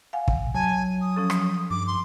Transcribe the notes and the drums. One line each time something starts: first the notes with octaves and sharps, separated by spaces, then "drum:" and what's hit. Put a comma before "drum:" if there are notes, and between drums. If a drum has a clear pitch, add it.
F5 F#5 G#5
drum: kick
F#3 G#5 A5
D#6
F3 C#4 A4
drum: rim click
G2 D6
C6